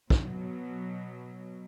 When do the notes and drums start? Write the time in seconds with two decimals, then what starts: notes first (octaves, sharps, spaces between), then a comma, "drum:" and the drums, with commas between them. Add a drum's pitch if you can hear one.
0.10 B2 F#3, drum: kick